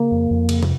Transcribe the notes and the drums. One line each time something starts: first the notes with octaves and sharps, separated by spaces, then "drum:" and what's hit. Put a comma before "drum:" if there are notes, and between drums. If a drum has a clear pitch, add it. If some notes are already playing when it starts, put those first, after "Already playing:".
Already playing: C#3 A#3
F2
F2
C#3, drum: cymbal
drum: tom